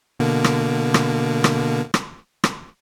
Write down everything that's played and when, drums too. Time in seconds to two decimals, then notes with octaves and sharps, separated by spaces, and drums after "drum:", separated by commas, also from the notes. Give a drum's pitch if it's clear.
0.19 B2 D3 A#3
0.44 drum: rim click
0.94 drum: rim click
1.44 drum: rim click
1.94 drum: rim click
2.44 drum: rim click